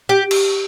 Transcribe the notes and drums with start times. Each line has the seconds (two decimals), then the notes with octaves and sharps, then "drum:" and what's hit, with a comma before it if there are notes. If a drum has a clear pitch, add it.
0.09 G4
0.31 drum: cymbal